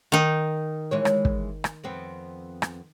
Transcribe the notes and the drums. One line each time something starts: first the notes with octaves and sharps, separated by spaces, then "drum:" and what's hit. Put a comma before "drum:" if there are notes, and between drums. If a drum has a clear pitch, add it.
D#3 D#4
E3 G#3 C#5
drum: rim click
drum: kick
drum: rim click
F2 B3 C4
drum: rim click